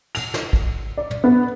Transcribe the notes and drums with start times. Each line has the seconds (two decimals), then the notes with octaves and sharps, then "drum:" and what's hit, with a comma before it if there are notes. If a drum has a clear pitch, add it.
0.15 F7, drum: cymbal
0.34 drum: snare
0.53 drum: kick
0.97 D5
1.11 drum: tom
1.24 B3